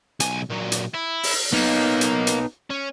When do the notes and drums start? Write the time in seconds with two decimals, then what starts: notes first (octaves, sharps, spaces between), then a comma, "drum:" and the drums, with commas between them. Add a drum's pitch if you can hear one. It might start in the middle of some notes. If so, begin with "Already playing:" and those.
0.20 B1 G#5, drum: hi-hat
0.50 A#2 F#3
0.72 drum: hi-hat
0.94 E4
1.23 drum: open hi-hat
1.53 A#3 B3 D#4
2.01 drum: hi-hat
2.27 drum: hi-hat
2.70 C#4